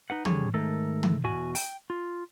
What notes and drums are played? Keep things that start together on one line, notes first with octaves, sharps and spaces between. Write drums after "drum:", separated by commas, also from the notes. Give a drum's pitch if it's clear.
D#4 B4 F#5
F2 D3 G3 G#4 C#5, drum: tom
G#2 D#3 A3 A4 A#4
drum: tom
E2 B2 F#4 G#5
G5, drum: open hi-hat
F4